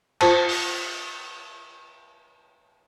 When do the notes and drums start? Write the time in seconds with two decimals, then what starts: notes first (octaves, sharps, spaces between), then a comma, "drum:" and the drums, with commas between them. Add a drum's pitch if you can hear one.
0.21 F4 C5 A5, drum: cymbal
0.49 drum: open hi-hat